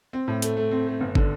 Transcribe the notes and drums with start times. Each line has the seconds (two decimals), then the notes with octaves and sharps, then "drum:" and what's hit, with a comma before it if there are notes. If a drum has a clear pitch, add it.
0.13 C4
0.28 A2
0.42 A3, drum: hi-hat
0.57 A3
0.71 C4
0.87 A3
1.00 G1
1.15 D3, drum: kick